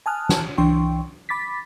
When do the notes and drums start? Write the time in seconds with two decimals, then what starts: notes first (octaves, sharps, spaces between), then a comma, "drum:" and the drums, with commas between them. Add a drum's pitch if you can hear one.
0.06 G#5 A5 D#6 F6 F#6
0.29 drum: snare
0.58 C2 E3 D4 G5 C6 C#6
1.29 B5 D6 A6 B6